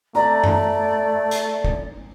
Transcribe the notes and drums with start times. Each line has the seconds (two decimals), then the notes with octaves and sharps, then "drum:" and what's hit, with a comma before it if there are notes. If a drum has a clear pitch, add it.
0.15 A3 D5 A#5
0.44 drum: tom F#2
1.31 drum: hi-hat
1.65 drum: kick